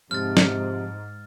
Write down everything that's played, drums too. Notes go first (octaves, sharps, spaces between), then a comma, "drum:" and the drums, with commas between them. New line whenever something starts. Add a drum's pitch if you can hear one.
G#2 C3 F3 F6 A6
drum: snare